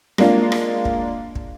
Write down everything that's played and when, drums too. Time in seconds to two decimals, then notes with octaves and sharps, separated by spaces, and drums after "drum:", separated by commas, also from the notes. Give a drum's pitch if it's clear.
0.18 G#3 A#3 D4 F4, drum: rim click
0.52 drum: rim click
0.85 drum: kick
1.35 drum: kick